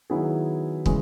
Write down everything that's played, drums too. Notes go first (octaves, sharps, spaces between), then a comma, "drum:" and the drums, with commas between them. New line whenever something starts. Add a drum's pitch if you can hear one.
D#3 F#3 B3 E4 G#4
C#3 E3 G#3, drum: kick